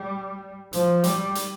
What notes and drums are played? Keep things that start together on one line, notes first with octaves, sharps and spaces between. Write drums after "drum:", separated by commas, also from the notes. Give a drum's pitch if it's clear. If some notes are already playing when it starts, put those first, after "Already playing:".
Already playing: G3
F3, drum: hi-hat
G3, drum: hi-hat
drum: hi-hat